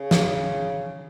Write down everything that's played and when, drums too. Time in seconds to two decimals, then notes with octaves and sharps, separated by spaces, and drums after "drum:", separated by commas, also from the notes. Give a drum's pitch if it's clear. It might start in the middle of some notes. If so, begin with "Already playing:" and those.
Already playing: C#3
0.11 drum: snare